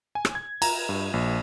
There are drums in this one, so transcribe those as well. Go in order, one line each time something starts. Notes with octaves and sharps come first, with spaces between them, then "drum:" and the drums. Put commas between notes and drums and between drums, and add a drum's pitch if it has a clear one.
G#5
drum: rim click
G#6
A#5, drum: cymbal
G2
A#1